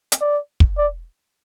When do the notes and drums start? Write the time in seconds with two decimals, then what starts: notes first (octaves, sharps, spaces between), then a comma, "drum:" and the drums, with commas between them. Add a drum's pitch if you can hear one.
0.12 drum: hi-hat
0.21 D5
0.60 drum: kick
0.78 D5